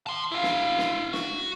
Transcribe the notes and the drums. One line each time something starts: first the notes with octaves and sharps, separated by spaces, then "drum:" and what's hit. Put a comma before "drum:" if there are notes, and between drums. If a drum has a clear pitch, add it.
A5 C6
E4 F5
drum: snare
drum: snare
F#4, drum: snare